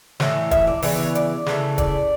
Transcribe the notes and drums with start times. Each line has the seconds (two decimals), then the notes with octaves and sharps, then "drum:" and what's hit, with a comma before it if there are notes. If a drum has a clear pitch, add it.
0.20 A2 E3 C#5, drum: snare
0.51 E5, drum: kick, hi-hat
0.67 D5
0.82 C#3 E3 B3 D5, drum: open hi-hat
0.98 C#5
1.15 D5, drum: hi-hat
1.46 C#3 E3 A3, drum: snare
1.78 D5, drum: kick, hi-hat